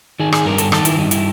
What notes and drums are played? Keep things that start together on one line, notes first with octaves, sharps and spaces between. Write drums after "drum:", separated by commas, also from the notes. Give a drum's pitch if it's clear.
D#3 G#4
G#4, drum: rim click
G2 A#4
A4, drum: hi-hat
D#3 A4, drum: rim click
E4, drum: hi-hat
G2 D#4
E4, drum: hi-hat